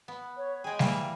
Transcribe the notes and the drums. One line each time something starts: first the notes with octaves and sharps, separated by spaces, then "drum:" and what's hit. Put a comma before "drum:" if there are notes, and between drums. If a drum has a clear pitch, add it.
B3
C#5
G#3 G#4 G5
E3 G3 A#3, drum: snare G3